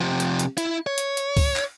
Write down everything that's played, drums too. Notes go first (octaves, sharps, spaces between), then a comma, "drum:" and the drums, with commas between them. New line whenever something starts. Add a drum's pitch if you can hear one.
C3 F3
drum: hi-hat
drum: hi-hat
E4, drum: hi-hat
C#5
drum: hi-hat
drum: hi-hat
drum: kick C#2, open hi-hat
drum: clap